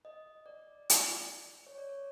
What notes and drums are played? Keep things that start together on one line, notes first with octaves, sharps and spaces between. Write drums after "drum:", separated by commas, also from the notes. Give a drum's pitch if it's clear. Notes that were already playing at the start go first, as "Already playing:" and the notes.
D#5
D5
drum: hi-hat
C#5
D5
C#5